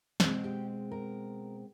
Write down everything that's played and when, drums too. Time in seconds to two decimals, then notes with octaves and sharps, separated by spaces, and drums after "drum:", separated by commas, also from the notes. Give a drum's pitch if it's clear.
0.20 B2 G#3 C4, drum: snare
0.44 G4
0.91 A#4